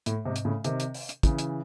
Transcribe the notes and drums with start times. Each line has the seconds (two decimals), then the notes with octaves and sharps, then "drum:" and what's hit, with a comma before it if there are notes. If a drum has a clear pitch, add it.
0.06 A2, drum: hi-hat
0.25 G#2 C3
0.36 drum: hi-hat
0.45 A2 C#3
0.64 C3 D#3, drum: hi-hat
0.80 drum: hi-hat
0.94 drum: open hi-hat
1.09 drum: hi-hat
1.23 C#3 E3, drum: kick, hi-hat
1.38 drum: hi-hat